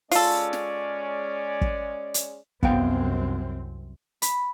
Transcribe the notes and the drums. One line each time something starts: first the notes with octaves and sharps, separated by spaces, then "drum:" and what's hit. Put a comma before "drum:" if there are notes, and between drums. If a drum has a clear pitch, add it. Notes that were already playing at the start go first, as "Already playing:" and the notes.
G#3 C#4 F4 A4 D5, drum: open hi-hat
drum: snare
drum: kick
drum: hi-hat
C2 F#2 B3 C4 F5 G5, drum: kick
B5, drum: hi-hat